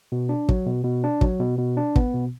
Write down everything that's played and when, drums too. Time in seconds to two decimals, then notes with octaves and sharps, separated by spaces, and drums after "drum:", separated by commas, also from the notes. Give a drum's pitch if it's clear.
0.12 B2
0.29 D4
0.49 F#3, drum: kick
0.66 B2
0.84 B2
1.04 D4
1.21 F#3, drum: kick
1.39 B2
1.58 B2
1.77 D4
1.96 B3, drum: kick
2.14 B2